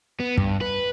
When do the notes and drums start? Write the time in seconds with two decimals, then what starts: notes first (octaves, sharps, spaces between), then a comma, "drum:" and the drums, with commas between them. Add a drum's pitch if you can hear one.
0.20 B3
0.38 G2, drum: kick
0.61 B4